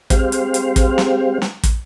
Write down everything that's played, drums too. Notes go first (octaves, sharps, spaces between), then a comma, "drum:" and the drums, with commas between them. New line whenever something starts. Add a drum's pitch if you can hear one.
G#3 C4 G4 C5 F5, drum: kick, hi-hat
drum: hi-hat
drum: hi-hat
drum: kick, hi-hat
drum: snare
drum: snare
drum: kick, hi-hat